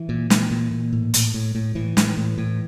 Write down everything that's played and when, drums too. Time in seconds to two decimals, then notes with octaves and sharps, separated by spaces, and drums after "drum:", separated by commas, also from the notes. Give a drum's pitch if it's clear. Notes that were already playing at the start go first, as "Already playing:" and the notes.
Already playing: E3
0.09 A#2
0.30 A#2, drum: snare
0.51 A#2
0.71 A#2
0.93 A2
1.14 A2, drum: hi-hat
1.34 A2
1.55 A2
1.75 A2 E3
1.97 A2, drum: snare
2.17 A2
2.38 A2